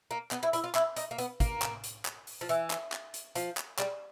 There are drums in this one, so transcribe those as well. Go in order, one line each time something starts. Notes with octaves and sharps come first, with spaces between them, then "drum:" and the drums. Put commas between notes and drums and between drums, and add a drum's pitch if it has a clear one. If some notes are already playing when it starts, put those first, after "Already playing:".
A#3
B3, drum: clap
E4
E4, drum: hi-hat
F4
E4, drum: clap
D#4, drum: hi-hat
A#3
B3, drum: hi-hat
A#3, drum: kick, hi-hat
drum: clap
drum: hi-hat
drum: clap
drum: open hi-hat
F3
E3, drum: hi-hat
drum: clap
drum: clap
drum: hi-hat
F3, drum: hi-hat
drum: clap
G3, drum: clap